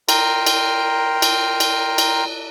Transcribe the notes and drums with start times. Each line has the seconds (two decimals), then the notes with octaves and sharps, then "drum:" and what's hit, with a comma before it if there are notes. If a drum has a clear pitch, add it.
0.09 A#4 G5 A#5 C6, drum: cymbal
0.46 drum: cymbal
1.22 drum: cymbal
1.60 drum: cymbal
1.98 drum: cymbal